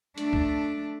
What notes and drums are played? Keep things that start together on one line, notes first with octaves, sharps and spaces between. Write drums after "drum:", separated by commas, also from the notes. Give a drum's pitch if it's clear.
A3 D4, drum: hi-hat
drum: kick